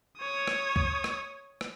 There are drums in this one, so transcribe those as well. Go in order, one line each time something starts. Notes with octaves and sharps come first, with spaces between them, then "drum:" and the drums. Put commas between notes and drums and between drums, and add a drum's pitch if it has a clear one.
C#5 D#6
drum: rim click
drum: kick C2
drum: rim click
drum: rim click